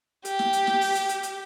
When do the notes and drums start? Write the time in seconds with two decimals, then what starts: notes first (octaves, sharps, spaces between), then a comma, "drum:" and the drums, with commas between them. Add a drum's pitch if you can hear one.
0.25 G4, drum: hi-hat
0.39 drum: snare
0.53 drum: hi-hat
0.67 drum: snare
0.81 drum: open hi-hat
0.95 drum: hi-hat
1.09 drum: hi-hat
1.23 drum: hi-hat